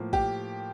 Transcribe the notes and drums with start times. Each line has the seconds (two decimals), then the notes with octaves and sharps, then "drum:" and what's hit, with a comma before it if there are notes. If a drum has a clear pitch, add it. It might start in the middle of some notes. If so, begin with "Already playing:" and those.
Already playing: A2 F3 A#3
0.13 G4, drum: kick A1